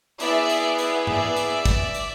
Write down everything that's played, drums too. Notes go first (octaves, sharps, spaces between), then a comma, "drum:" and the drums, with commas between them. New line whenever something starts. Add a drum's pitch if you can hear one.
B3 E4 G#4 D5 E5, drum: hi-hat
drum: hi-hat
drum: hi-hat
D5 E5, drum: tom G#2
drum: hi-hat
drum: kick, hi-hat
drum: hi-hat